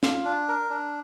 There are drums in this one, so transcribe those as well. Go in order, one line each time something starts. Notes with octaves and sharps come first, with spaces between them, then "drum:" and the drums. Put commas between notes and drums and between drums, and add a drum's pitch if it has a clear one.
F4, drum: snare
D4
A#4
D4